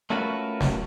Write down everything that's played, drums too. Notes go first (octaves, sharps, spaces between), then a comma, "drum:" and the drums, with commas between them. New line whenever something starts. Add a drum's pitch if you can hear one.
A3 C#4 F4 F#4 A#4 B4
drum: snare